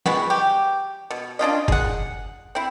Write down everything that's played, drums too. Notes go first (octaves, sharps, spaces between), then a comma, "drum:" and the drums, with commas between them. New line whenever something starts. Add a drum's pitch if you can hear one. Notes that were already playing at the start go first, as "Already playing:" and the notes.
E3 G#3 B3 F#4, drum: snare
G4
B2
C#4 D4 F4 D#5
G#4 F#5, drum: kick
C4 E4